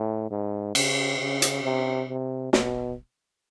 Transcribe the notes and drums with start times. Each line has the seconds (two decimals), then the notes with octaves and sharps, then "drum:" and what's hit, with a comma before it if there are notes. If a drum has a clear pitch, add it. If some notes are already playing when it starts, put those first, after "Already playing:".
Already playing: A2
0.31 G#2
0.75 C#3, drum: cymbal
1.19 C#3
1.42 drum: hi-hat
1.64 C3
2.09 C3
2.53 B2, drum: snare